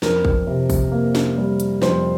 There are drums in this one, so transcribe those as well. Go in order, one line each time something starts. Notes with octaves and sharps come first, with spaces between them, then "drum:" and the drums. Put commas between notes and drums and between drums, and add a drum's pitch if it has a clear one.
F2 A#4, drum: snare
drum: kick
C3
drum: kick, open hi-hat
A#3
drum: snare
G3
drum: hi-hat
F2 C5, drum: snare